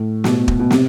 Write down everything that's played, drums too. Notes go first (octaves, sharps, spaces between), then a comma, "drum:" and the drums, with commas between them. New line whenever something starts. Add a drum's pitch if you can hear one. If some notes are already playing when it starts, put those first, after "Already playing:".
Already playing: A2
B2, drum: snare
drum: kick
B2
C3, drum: snare